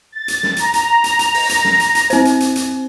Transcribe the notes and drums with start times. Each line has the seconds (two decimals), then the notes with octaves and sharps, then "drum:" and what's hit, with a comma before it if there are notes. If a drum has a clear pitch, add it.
0.12 A6
0.28 drum: hi-hat
0.43 drum: snare
0.56 A#5, drum: hi-hat
0.74 drum: hi-hat
1.04 drum: hi-hat
1.19 drum: hi-hat
1.34 drum: open hi-hat
1.49 drum: hi-hat
1.65 drum: snare
1.80 drum: hi-hat
1.95 drum: hi-hat
2.10 C4 C5, drum: hi-hat
2.25 drum: hi-hat
2.40 drum: hi-hat
2.56 drum: hi-hat